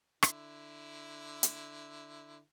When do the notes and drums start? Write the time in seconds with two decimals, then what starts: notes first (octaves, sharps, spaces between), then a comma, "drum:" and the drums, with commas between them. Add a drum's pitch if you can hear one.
0.23 D3 E4, drum: rim click
1.43 drum: hi-hat